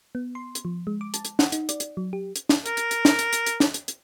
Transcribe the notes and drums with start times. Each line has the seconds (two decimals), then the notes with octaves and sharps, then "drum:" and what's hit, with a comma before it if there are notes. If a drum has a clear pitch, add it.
0.15 B3
0.35 C6
0.55 drum: hi-hat
0.65 F3
0.87 G#3
1.01 D6
1.14 A5, drum: hi-hat
1.25 drum: hi-hat
1.39 F#5, drum: snare
1.52 D#4, drum: hi-hat
1.69 D5, drum: hi-hat
1.80 drum: hi-hat
1.97 F#3
2.13 G4
2.36 drum: hi-hat
2.49 drum: snare
2.66 A#4, drum: hi-hat
2.77 drum: hi-hat
2.91 drum: hi-hat
3.05 drum: snare
3.19 drum: hi-hat
3.33 drum: hi-hat
3.46 drum: hi-hat
3.60 drum: snare
3.74 drum: hi-hat
3.88 drum: hi-hat